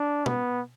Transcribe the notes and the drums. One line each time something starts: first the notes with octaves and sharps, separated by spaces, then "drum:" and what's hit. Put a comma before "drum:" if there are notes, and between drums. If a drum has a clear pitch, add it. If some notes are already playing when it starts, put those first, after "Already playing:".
Already playing: D4
B3, drum: tom